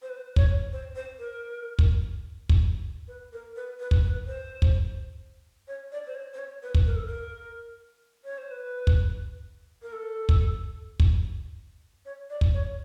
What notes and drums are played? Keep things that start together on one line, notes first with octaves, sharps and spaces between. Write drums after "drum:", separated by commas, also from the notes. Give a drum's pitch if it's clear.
C5
B4
C5
C#5, drum: kick
C5
C5
A#4
drum: kick
drum: kick
B4
A#4
B4
B4
drum: kick
B4
C5
drum: kick
C#5
D5
C5
C#5
C5
C#5
B4
drum: kick
A#4
A4
A#4
C#5
C5
B4
drum: kick
A#4
A4
drum: kick
drum: kick
C#5
D5
drum: kick
C#5